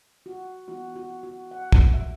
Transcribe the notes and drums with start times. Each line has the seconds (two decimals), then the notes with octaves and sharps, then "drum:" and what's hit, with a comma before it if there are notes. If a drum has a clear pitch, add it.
0.26 F#4
0.67 E3 B3 E4 F#4
0.96 F#4
1.23 F#4
1.51 F#5
1.72 drum: kick
1.94 E5